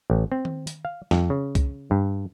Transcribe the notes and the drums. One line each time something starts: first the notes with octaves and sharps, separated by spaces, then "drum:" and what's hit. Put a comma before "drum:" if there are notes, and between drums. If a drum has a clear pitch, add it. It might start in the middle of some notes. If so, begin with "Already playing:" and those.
A1
C4
drum: tom D#3
drum: hi-hat
F5
F2, drum: snare
C#3
drum: kick C2, hi-hat
G2